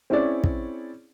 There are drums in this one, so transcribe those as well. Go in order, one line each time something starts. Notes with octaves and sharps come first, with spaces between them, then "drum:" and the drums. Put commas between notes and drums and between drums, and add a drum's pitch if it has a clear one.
C4 C#4 E4 G#4 C#5 D5
drum: kick